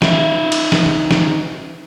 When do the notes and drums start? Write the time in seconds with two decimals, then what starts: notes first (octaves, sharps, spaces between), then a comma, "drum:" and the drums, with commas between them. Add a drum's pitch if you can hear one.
0.02 D#4 E5, drum: snare
0.52 drum: cymbal
0.72 drum: snare
0.86 drum: tom D3
1.11 drum: snare